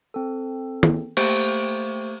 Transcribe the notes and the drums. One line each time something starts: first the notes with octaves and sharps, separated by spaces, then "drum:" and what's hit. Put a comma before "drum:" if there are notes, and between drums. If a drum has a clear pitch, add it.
C4 A4
drum: tom D#3
A3 A#3 G4 C5 C#6, drum: cymbal